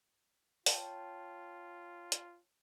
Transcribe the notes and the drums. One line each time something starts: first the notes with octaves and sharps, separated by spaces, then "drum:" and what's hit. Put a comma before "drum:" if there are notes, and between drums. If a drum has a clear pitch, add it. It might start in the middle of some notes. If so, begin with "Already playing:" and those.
F4 C#5 G5 A5, drum: open hi-hat
drum: hi-hat